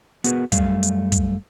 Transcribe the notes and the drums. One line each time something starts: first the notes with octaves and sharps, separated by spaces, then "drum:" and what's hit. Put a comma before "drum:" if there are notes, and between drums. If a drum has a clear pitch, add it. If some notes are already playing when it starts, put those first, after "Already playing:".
B3 F#4 G#4 A#4 B4, drum: hi-hat
F#2 G3 A3 F5, drum: kick, hi-hat
drum: hi-hat
drum: kick, hi-hat